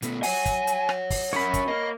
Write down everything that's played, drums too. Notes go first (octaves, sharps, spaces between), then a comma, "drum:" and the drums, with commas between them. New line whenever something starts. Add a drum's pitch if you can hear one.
B2 A3 B3, drum: hi-hat
C#5 F#5 G#5, drum: open hi-hat
drum: kick, hi-hat
drum: hi-hat
drum: rim click
drum: kick, open hi-hat
F#2 C#4 F#4 A#4 C#5 B5
drum: kick, hi-hat
A#3 D#5